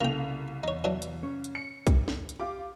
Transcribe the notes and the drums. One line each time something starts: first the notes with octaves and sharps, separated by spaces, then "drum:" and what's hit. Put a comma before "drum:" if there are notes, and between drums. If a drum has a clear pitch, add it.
C2 C#3 A#3 F4 A4 G5 F7
E2 D#4 C#5
E3 F#3 D4
drum: hi-hat
C#4 C#5
drum: hi-hat
C#7
drum: kick, hi-hat
drum: snare
drum: hi-hat
F4 G4 D6